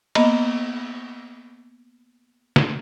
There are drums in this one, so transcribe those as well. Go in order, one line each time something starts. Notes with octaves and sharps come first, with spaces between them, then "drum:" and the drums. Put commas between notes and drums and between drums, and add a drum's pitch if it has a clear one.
A#3 B3 D#5, drum: cymbal
drum: snare